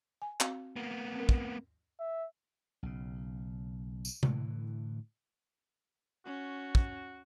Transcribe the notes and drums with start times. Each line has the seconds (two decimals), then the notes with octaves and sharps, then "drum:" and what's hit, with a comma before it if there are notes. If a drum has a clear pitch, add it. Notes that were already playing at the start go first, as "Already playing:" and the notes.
0.22 G#5
0.40 C4 F#4 F5, drum: clap
0.76 A#3 B3
1.16 C4 A#4
1.29 drum: kick
2.00 E5
2.83 B1 C#3
4.05 drum: tambourine
4.23 A2 D3 E3, drum: tom C3
6.26 C#4 F#4
6.75 drum: kick